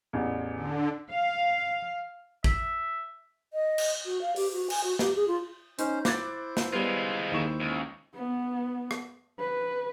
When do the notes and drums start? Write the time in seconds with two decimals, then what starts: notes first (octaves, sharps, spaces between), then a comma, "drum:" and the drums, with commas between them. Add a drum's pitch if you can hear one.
0.13 A1 E2
0.54 D3
1.10 F5
2.44 E5, drum: kick
3.53 D#5
3.78 drum: cymbal
4.06 F#4
4.22 F5
4.36 G4, drum: open hi-hat
4.53 F#4
4.70 G#5, drum: cymbal
4.84 F#4
4.99 G4, drum: snare
5.16 G#4
5.28 F4
5.79 C#4 D#4 C5, drum: hi-hat
6.05 E4 C5 D6 F#6 A6, drum: snare
6.57 drum: snare
6.73 G3 G#3 B3 F4
7.32 D#2 C#6 E7
7.60 C#2
8.14 B3
8.91 drum: rim click
9.39 B4